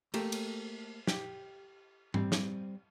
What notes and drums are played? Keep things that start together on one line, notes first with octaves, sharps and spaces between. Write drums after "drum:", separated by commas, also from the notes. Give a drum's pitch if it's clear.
A3 A#3 G4 A4, drum: cymbal
drum: cymbal
G4, drum: snare
G3 C4, drum: tom G#2
drum: snare